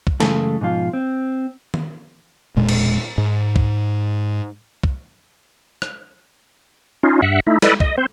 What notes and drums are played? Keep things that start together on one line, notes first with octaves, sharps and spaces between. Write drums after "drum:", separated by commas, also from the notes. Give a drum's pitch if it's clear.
drum: kick
F#2 C#3 E3 G#3 A3 A4, drum: snare
G#2 B2 F3 F4
C4
drum: tom D#3
E1 A#2 G#3
drum: cymbal
G#2
drum: kick
drum: kick
drum: rim click
C#4 D#4 F4
G2 E5 F#5
A3 D#4 E4
E4 A4 B4 D5 D#5, drum: snare
D#5, drum: kick
C4 C5